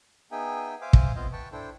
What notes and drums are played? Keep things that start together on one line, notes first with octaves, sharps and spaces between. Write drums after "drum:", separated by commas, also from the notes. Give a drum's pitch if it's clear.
B3 D#4 G#4 E5 G5 G#5
C5 E5 F5 G#5 D6
drum: kick
B3 C4 F4 C5 D#5 F5
B4 G5 A5 C#6
D4 E4 A4 C5 G5